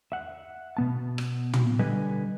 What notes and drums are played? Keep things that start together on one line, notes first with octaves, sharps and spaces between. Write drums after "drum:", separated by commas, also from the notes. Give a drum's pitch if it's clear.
E5 F#5
B2 B3 A5
drum: rim click
drum: tom
D3 G3 B4 D#5 G#5